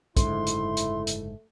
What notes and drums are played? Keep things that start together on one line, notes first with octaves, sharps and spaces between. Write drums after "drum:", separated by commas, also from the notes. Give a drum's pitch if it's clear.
F#1 G#2 D3 A3 E4 C6, drum: kick, hi-hat
drum: hi-hat
drum: hi-hat
drum: hi-hat